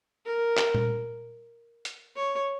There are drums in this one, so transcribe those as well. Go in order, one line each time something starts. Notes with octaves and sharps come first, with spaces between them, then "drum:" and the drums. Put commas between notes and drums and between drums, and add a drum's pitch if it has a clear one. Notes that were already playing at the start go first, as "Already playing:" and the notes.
A#4
drum: clap
drum: tom A#2
drum: hi-hat
C#5